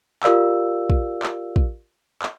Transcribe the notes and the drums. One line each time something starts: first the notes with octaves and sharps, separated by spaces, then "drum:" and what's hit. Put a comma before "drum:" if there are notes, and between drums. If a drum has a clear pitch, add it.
F4 G4 A#4 D5 F5 E6, drum: clap
drum: kick
drum: clap
drum: kick
drum: clap